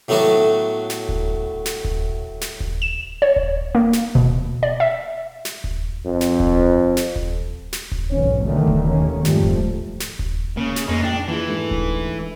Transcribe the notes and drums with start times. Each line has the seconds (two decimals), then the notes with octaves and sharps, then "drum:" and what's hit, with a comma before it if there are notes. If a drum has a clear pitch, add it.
0.08 A2 F#3 A3 B3 D4 F#4
0.90 drum: snare
1.09 drum: kick D#1
1.66 drum: snare
1.84 drum: kick D#1
2.41 drum: snare
2.60 drum: kick D#1
2.82 E7
3.22 C#5
3.36 drum: kick D#1
3.75 A#3
3.93 drum: snare
4.15 B2, drum: kick D#1
4.63 D5
4.80 E5
5.45 drum: snare
5.64 drum: kick D#1
6.05 F2
6.21 drum: snare
6.40 drum: kick D#1
6.97 drum: snare
7.16 drum: kick D#1
7.73 drum: snare
7.92 drum: kick D#1
8.11 B1 G#2 E3 C#4
8.43 B2 D3 D#3 F#3 A3
8.67 drum: kick D#1
8.88 D#2 D#3 A#3 C#4
9.25 F2 G#2 F3 G3 A3, drum: snare
9.43 drum: kick D#1
10.00 drum: snare
10.19 drum: kick D#1
10.57 C#3 A#3
10.76 drum: snare
10.88 F2 G#3 A#3 C#4 D#4 A#6
11.03 A#1 D4 G5 C7
11.28 E3 E4 F4 G#4
11.48 G#2 A3 D4
11.71 drum: kick D#1